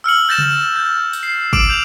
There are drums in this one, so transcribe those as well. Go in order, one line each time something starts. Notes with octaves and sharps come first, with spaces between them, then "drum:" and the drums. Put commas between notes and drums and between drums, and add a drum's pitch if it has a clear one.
E6 F6 C#7 F#7
G6 A6 A#6 E7 F#7
drum: tom C#3
G6
drum: tambourine
C7
D6 D7 E7 F#7, drum: kick
G6 F7